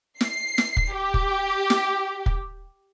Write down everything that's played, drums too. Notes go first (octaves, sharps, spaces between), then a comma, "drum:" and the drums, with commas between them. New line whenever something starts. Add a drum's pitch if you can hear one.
C7, drum: snare
drum: snare
drum: kick
G4
drum: kick
drum: snare
drum: kick